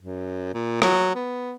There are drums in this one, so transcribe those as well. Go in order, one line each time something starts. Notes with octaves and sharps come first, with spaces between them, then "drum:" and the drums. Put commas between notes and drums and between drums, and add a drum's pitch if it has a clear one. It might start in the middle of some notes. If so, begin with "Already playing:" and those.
F#2
A#2
F#3, drum: rim click
B3